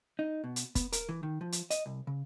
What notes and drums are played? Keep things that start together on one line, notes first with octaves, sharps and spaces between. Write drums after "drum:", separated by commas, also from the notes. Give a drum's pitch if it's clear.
D#4
B2
drum: hi-hat
B3, drum: kick, hi-hat
A#4, drum: hi-hat
E3
D#3
F3
drum: hi-hat
D#5, drum: hi-hat
C2
C#3